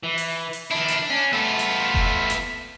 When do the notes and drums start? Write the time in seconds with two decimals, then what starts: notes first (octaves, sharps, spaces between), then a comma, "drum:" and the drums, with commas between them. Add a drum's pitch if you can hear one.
0.03 E3
0.18 drum: open hi-hat
0.53 drum: open hi-hat
0.71 D#3 D4 E4
0.88 drum: hi-hat
1.10 C#4
1.33 A3 B3 F4 A4
1.59 drum: hi-hat
1.94 drum: kick F1
2.30 drum: hi-hat